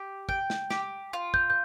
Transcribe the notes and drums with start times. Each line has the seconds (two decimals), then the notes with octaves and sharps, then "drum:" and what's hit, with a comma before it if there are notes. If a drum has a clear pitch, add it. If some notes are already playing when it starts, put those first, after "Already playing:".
Already playing: G4
0.29 G5, drum: kick
0.50 drum: snare
0.70 G4, drum: snare
1.13 F4
1.34 G6, drum: kick
1.50 G6